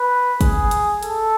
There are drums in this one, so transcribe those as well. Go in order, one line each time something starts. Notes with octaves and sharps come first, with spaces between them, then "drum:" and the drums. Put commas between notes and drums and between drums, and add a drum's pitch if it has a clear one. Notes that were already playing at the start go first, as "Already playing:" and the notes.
Already playing: B4
G#4, drum: kick, hi-hat
drum: hi-hat
A4, drum: hi-hat